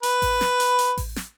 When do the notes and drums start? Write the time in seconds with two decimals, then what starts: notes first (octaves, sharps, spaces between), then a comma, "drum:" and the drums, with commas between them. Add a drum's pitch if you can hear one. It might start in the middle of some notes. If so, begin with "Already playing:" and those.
0.03 B4, drum: hi-hat
0.22 drum: kick A1, open hi-hat
0.41 drum: snare
0.60 drum: hi-hat
0.79 drum: hi-hat
0.98 drum: kick A1, open hi-hat
1.16 drum: snare